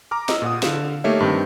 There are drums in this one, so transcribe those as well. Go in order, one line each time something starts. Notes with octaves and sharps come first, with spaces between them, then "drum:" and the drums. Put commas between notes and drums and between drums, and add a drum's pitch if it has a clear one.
A#5 D6 F6
D#5 E6, drum: snare
A#2 F#5 D#6
D3 F5 E7, drum: snare
A3 A#3 D#4 G4 C#5 E5
G2 D#3 C4